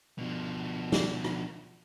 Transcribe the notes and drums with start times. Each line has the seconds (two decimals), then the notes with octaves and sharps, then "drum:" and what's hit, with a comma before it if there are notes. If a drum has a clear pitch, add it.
0.18 B2 F3
0.92 drum: snare
1.24 drum: rim click